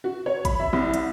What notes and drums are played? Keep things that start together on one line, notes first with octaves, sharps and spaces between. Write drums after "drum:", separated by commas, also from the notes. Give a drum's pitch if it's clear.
F#4
C#5
B5, drum: kick A1, hi-hat
E5
C2
drum: hi-hat